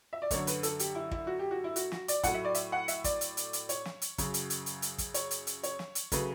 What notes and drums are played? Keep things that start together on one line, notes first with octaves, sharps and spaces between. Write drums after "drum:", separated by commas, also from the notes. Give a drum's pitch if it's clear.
E5
D5
F#2 D3 A3 C#5, drum: kick, hi-hat
B4, drum: hi-hat
A4, drum: hi-hat
G4, drum: hi-hat
E4
E4, drum: kick
F#4
G4
F#4
E4
F#4, drum: hi-hat
F#4, drum: snare
D5, drum: hi-hat
A2 F#3 A3 F#5, drum: kick, hi-hat
E5
D5
E5, drum: hi-hat
F#5
E5, drum: hi-hat
D5, drum: kick, hi-hat
drum: hi-hat
drum: hi-hat
drum: hi-hat
C#5, drum: hi-hat
drum: snare
drum: hi-hat
F#2 C#3 F#3, drum: kick, hi-hat
drum: hi-hat
drum: hi-hat
drum: hi-hat
drum: hi-hat
drum: kick, hi-hat
C#5, drum: hi-hat
drum: hi-hat
drum: hi-hat
C#5, drum: hi-hat
drum: snare
drum: hi-hat
C#3 F#3 A3 B4, drum: kick, hi-hat